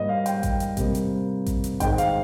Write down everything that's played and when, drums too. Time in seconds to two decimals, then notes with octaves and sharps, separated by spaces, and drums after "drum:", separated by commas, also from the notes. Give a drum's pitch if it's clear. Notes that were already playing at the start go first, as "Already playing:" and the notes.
Already playing: G#2 G3 A#3 D#5
0.09 F5
0.26 G5, drum: hi-hat
0.43 drum: kick A1, hi-hat
0.60 drum: hi-hat
0.77 C3 G3 A#3, drum: kick A1, hi-hat
0.95 drum: hi-hat
1.46 drum: kick A1, hi-hat
1.64 drum: hi-hat
1.80 G#2 D#3 G#3 G5, drum: kick A1, hi-hat
1.98 F5, drum: hi-hat